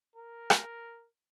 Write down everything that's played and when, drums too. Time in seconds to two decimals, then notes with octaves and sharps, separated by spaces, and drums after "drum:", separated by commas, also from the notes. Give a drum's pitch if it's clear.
0.16 A#4
0.50 drum: rim click